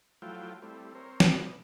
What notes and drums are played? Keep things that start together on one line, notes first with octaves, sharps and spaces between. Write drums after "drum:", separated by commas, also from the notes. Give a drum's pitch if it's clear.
F3 F#3 A3 E4 F4 G5
G3 A3 C4 E4
C4 A#4 C5 C#5
drum: snare
E3 A3 B3 C4 D4 D#4
B2